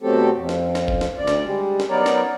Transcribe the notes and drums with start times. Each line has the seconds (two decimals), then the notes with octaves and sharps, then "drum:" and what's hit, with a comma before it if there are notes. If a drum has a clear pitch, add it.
0.03 B2 F#3 A3 C4 G4 A4
0.36 F2
0.49 drum: snare
0.75 drum: snare
0.88 drum: kick F#1
1.01 drum: snare
1.18 D2 D5
1.27 drum: snare
1.45 G3 G#3
1.80 drum: snare
1.90 F#3 B3 D#4 A#4 C#5 D5
2.06 drum: snare